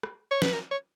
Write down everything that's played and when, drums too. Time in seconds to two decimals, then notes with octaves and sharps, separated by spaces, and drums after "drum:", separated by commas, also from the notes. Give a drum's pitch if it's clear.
0.03 drum: rim click
0.31 C#5
0.42 B4, drum: snare
0.53 A#4
0.71 C#5